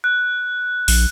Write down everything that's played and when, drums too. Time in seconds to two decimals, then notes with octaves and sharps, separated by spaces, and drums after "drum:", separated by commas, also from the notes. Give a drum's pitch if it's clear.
0.04 F#6
0.88 A#1, drum: open hi-hat